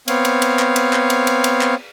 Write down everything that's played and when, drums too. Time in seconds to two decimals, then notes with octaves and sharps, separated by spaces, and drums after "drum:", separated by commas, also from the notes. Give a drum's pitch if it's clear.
0.08 B3 C4 C#5 F5, drum: cymbal
0.25 drum: cymbal
0.42 drum: cymbal
0.59 drum: clap
0.76 drum: cymbal
0.93 drum: clap
1.10 drum: cymbal
1.27 drum: cymbal
1.44 drum: cymbal
1.61 drum: clap